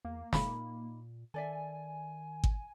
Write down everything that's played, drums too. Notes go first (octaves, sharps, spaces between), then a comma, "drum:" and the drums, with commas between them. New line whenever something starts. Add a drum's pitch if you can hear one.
E2 A#3
A#2 D#4 B5, drum: snare
D#3 A4 D5 E5 G#5
drum: kick G#1